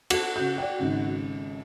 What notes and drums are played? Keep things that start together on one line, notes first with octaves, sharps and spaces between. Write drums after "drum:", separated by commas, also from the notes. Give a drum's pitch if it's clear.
F#4 A4 A5, drum: cymbal
C#3 G6
D5 G5
G#1 G#2 C#3